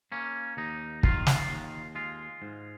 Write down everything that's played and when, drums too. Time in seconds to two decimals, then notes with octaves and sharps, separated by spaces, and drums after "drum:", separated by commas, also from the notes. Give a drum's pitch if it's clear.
0.12 A#3 C#4
0.57 D#2 D#4
1.03 D#3 F4, drum: kick
1.27 drum: snare
1.49 D#2
1.95 G#3 F4
2.42 G#2